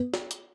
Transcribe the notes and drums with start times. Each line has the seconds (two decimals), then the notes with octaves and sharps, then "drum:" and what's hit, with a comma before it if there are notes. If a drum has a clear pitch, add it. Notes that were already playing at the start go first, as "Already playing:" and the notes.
Already playing: B3
0.14 drum: snare
0.31 drum: hi-hat